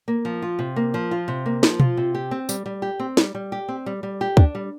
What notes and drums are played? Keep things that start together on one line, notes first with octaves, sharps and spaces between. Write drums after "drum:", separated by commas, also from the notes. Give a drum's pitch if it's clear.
A#3
F3
F4
C3
A#3
F3
F4
C3
A#3
F3, drum: snare
F4, drum: tom B2
C3
G4
C4
G3, drum: tambourine
G3
G4
C4
G3, drum: snare
G3
G4
C4
G3
G3
G4
D4, drum: kick
G3